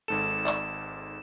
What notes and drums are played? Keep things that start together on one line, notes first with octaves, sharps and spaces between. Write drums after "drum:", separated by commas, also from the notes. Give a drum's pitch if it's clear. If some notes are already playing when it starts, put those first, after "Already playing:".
G#1 G#2 A4 E7
drum: clap